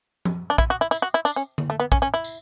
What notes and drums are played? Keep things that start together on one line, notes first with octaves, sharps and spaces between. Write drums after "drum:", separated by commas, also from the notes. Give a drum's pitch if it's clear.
drum: tom F3
D4
E4, drum: kick
F#4
E4
E4, drum: tambourine
F#4
E4
D4, drum: tambourine
C#4
drum: tom D3
A3
B3
C#4, drum: kick
C#4
E4
drum: tambourine